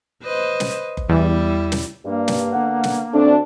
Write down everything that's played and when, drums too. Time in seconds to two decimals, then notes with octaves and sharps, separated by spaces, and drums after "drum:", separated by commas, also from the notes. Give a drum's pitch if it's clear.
0.23 B4 C5 D#5
0.60 drum: snare
0.97 drum: kick F#1
1.09 E2 G3 E4
1.72 drum: snare
2.05 G2 A#3
2.28 drum: snare
2.53 D3 B3 F#5
2.84 drum: snare
3.13 D2 A3 C4 D4